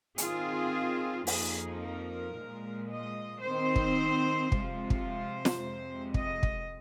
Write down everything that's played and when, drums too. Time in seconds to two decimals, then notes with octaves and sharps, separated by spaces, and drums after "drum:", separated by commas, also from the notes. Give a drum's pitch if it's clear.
0.18 D#3 C4 F4 G#4, drum: hi-hat
1.27 F2 F3 A#3 D#4 G#4, drum: open hi-hat
1.81 A#4
2.35 A#2 F3 G#3
2.90 D#5
3.44 D#3 C4 D#4 C5
3.76 drum: kick
4.52 C3 F3 G#3 F4, drum: kick
4.90 drum: kick
5.06 C5
5.45 drum: snare
5.60 F2 C3 G#3
6.14 D#5, drum: kick
6.43 drum: kick